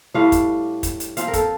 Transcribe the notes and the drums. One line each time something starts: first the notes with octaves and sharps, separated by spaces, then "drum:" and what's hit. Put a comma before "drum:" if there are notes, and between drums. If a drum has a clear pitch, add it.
A2 G3 D4 F4 F5
drum: kick, hi-hat
drum: kick, hi-hat
drum: hi-hat
F3 C4 F4 F5, drum: hi-hat
A#4
A4, drum: kick, hi-hat